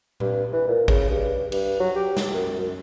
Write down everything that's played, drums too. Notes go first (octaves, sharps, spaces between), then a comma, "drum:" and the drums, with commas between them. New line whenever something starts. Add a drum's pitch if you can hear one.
G2, drum: tom A#2
E3
A#2
C#3, drum: kick
G2
G2, drum: cymbal
F#3
G4
drum: snare
F#2
F#2